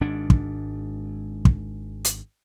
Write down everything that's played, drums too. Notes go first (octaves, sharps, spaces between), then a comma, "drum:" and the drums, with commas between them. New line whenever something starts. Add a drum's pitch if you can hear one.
G#1 G#2 D4
drum: kick
drum: kick
drum: hi-hat